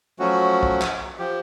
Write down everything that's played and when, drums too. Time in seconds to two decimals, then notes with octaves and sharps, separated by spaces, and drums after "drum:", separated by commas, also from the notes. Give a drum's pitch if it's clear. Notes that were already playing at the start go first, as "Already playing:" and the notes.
0.19 F3 F#3 A3 C#4 F#4
0.63 drum: kick
0.81 drum: clap
1.19 F3 G4